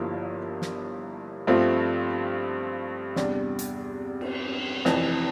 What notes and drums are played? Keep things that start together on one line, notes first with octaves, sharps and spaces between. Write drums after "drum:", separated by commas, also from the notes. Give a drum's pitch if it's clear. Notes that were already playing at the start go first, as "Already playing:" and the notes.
Already playing: G1 G2 F3 A#3 E4
drum: snare
G2 F3 A3 C4 F4
E2 C3 G3 D4, drum: snare
drum: hi-hat
drum: cymbal
F1 F2 E3, drum: snare